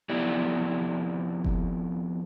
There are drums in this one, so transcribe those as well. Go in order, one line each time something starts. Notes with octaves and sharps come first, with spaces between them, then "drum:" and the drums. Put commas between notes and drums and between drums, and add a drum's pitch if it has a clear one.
F2 B3 E4 G4 D5
drum: kick F1